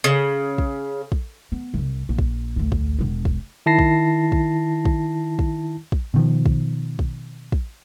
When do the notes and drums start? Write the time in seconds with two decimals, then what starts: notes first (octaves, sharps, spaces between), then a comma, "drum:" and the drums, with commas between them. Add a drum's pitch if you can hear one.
0.04 C#3
0.58 drum: kick
1.12 drum: kick
1.52 B3
1.74 E1 C2
2.09 A#1
2.19 drum: kick
2.56 A1 D2
2.72 drum: kick
2.99 E1 D4
3.25 drum: kick
3.66 D#3 E4 A5 A#6 C7
3.79 drum: kick
4.32 drum: kick
4.85 drum: kick
5.39 drum: kick
5.92 drum: kick
6.14 B2 D#3 F3
6.46 drum: kick
6.99 drum: kick
7.52 drum: kick